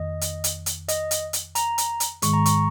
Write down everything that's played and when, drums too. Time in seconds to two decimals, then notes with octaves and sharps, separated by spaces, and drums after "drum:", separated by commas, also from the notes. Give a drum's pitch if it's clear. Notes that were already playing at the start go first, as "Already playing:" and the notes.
Already playing: F2 D#3 A#3 D#5
0.21 drum: hi-hat
0.44 drum: hi-hat
0.66 drum: hi-hat
0.88 D#5, drum: hi-hat
1.11 drum: hi-hat
1.33 drum: hi-hat
1.55 A#5, drum: hi-hat
1.78 drum: hi-hat
2.00 drum: hi-hat
2.22 G#2 D#3 G#3 C#6, drum: hi-hat
2.33 A#5
2.46 C#6, drum: hi-hat